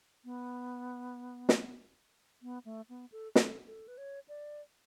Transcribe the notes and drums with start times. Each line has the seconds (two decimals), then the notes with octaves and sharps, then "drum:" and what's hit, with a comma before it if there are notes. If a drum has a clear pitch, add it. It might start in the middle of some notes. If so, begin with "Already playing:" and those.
0.24 B3
1.49 drum: snare
2.42 B3
2.65 A3
2.89 B3
3.12 A4
3.35 A4, drum: snare
3.67 A4
3.88 B4
3.97 C#5
4.28 D5